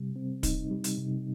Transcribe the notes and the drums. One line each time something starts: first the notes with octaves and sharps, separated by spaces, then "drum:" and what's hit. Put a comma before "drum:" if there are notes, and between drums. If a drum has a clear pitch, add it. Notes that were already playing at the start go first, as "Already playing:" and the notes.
Already playing: C3 G3
C4
D#4, drum: kick, hi-hat
G3
drum: hi-hat
C3